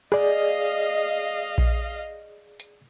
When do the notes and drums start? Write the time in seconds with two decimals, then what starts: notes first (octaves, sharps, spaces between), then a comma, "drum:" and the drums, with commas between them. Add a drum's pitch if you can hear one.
0.12 G#4 D5 D#5 F5, drum: rim click
1.58 drum: kick A#1
2.60 drum: hi-hat